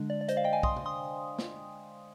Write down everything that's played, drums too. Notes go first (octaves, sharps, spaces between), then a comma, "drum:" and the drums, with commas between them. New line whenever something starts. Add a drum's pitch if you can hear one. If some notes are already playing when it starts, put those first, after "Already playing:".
Already playing: D3 G#3 D4
D5
D5
C5 D#5, drum: hi-hat
D5 F5
D#5 G5
F5 G#5
C6 D#6, drum: kick B1
drum: tom C3
C6 D#6
drum: snare